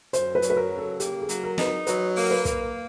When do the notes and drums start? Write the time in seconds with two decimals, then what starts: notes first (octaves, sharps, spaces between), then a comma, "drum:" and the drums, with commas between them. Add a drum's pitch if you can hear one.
0.13 F#2 C5, drum: hi-hat
0.35 B4
0.42 F#3, drum: hi-hat
0.50 B4
0.57 A#4
0.71 C#3
0.78 A4
1.00 A#3 G4, drum: hi-hat
1.22 G#4
1.29 F#3, drum: hi-hat
1.43 A#4
1.58 D#4 B4, drum: snare
1.65 A#4
1.87 F#3 B4, drum: hi-hat
2.16 A#3, drum: open hi-hat
2.31 B4
2.45 A#3, drum: kick, hi-hat